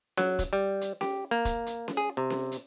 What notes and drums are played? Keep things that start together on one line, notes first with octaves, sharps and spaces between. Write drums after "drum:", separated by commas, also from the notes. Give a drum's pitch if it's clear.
F#3, drum: snare C#4
drum: kick E1, hi-hat
G3
drum: hi-hat
G4, drum: snare C#4
A#3
drum: kick E1, hi-hat
drum: hi-hat
drum: snare C#4
G#4
C3
drum: snare C#4
drum: hi-hat